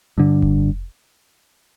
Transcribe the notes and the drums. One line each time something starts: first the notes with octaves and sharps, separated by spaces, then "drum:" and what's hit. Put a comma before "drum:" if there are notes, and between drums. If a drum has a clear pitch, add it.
G2 D3
drum: kick F1